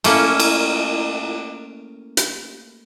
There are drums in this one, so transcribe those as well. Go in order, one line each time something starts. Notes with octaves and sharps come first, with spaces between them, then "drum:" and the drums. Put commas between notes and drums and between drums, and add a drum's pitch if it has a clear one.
A3 A#3 C#4 E4, drum: cymbal
drum: cymbal
drum: hi-hat